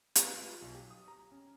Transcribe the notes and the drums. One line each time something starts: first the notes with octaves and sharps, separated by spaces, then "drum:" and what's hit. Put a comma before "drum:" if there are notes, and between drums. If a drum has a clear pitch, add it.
B4, drum: hi-hat
F4
B1
G4
D#6
A#5
C#4